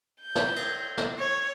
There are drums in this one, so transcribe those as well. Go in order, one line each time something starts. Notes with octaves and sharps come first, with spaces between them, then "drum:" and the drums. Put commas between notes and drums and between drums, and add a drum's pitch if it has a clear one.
G6
drum: snare
drum: cymbal
drum: snare
C#5